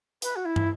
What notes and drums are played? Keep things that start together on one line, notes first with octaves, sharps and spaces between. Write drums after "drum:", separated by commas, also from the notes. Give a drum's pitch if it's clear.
B4, drum: hi-hat
F#4
E4
drum: tom